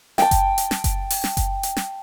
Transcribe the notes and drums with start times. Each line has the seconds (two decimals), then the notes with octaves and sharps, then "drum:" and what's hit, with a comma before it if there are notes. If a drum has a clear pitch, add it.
0.18 G5 A5, drum: snare
0.31 drum: kick F#1, hi-hat
0.58 drum: hi-hat
0.71 drum: snare
0.84 drum: kick F#1, hi-hat
1.10 drum: open hi-hat
1.24 drum: snare
1.37 drum: kick F#1, hi-hat
1.63 drum: hi-hat
1.77 drum: snare